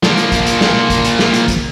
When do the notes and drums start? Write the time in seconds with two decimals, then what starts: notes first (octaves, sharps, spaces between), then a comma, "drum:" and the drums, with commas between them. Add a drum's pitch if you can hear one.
0.03 F3 A#3, drum: snare
0.17 drum: hi-hat
0.32 drum: kick, hi-hat
0.46 drum: hi-hat
0.61 drum: snare
0.90 drum: kick, hi-hat
1.05 drum: hi-hat
1.19 drum: snare
1.34 drum: hi-hat
1.48 drum: kick, hi-hat